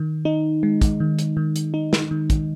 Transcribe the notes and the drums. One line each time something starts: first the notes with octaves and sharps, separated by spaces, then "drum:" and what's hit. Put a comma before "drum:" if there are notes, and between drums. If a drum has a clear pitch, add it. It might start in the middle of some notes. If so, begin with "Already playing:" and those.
Already playing: D#3
D#4
G#3
drum: kick, hi-hat
D#3
drum: hi-hat
D#3
drum: hi-hat
D#4
drum: snare
D#3
drum: kick, hi-hat